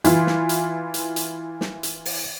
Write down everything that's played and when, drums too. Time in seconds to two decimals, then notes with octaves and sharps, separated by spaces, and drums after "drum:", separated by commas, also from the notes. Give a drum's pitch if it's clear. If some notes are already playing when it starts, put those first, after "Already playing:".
0.04 E3 F4, drum: hi-hat
0.27 drum: snare
0.49 drum: hi-hat
0.94 drum: hi-hat
1.16 drum: hi-hat
1.61 drum: snare
1.83 drum: hi-hat
2.05 drum: open hi-hat